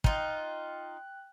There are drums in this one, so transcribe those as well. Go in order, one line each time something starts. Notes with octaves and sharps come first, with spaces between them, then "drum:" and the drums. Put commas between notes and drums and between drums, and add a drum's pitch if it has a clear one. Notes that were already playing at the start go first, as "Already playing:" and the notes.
D#4 F4 G5 F#6, drum: kick